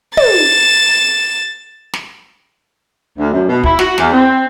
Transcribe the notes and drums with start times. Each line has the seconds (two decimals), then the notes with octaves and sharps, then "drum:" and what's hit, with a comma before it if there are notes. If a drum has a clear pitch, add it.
0.17 A6 E7, drum: tom
1.93 drum: snare
3.18 D2
3.32 F#2
3.48 B2
3.64 E4, drum: kick
3.79 F#4, drum: snare
3.98 E2, drum: snare
4.12 C4